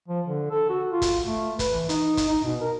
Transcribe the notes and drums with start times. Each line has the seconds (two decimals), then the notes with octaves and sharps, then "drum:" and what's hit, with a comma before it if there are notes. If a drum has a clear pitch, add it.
0.08 F3
0.27 D3
0.50 A4
0.69 F#4
0.91 F4
1.02 drum: kick, hi-hat
1.26 A3
1.59 B4, drum: kick, hi-hat
1.74 E3
1.89 D#4, drum: hi-hat
2.17 drum: kick, hi-hat
2.29 D#4
2.44 B2
2.61 A#4